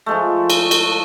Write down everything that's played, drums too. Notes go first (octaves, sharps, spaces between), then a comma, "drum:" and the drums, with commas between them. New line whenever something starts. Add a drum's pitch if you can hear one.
F3 G#3 A3
drum: cymbal
drum: cymbal